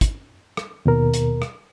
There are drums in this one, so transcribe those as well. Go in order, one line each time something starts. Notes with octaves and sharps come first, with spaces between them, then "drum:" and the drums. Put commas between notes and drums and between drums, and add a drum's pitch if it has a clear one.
drum: kick, hi-hat
drum: rim click
D#2 B2 A#4
drum: hi-hat
drum: rim click